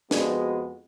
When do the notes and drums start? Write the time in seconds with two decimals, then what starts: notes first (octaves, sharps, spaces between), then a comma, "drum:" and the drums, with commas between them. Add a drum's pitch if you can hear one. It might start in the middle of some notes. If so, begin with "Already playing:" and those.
0.11 F2 G#3 B3 F#4, drum: snare